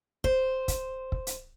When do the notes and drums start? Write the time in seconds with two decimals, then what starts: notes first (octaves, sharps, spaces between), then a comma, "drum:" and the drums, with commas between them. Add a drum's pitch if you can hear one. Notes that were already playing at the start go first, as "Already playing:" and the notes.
0.24 C5, drum: kick
0.68 drum: kick, hi-hat
1.12 drum: kick
1.27 drum: hi-hat